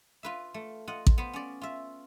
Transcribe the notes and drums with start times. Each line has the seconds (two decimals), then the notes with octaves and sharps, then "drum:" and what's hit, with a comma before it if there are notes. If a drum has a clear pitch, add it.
0.23 F4 B4 E5
0.54 A3
0.88 F4 D#5 F#5
1.07 drum: kick A1
1.18 B3 C5
1.33 C#4 D5
1.61 F4 E5